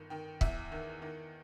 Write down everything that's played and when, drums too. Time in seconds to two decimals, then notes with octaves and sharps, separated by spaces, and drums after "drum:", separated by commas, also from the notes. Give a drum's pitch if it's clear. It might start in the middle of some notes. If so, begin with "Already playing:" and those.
Already playing: G1 D#3
0.10 D#3 G5
0.41 E2 E5, drum: kick
0.72 D#3
1.02 D#3